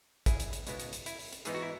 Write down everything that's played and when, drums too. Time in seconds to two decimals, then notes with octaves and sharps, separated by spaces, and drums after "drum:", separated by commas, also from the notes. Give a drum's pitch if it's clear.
0.26 E4 G#4, drum: kick, hi-hat
0.40 drum: hi-hat
0.53 drum: hi-hat
0.67 C#2 B2 G#3 B3 E4, drum: hi-hat
0.80 drum: hi-hat
0.93 drum: hi-hat
1.06 E4, drum: hi-hat
1.19 drum: open hi-hat
1.33 drum: hi-hat
1.45 G#2 E3 B3 D#4 G#4, drum: hi-hat
1.55 F#4
1.62 E4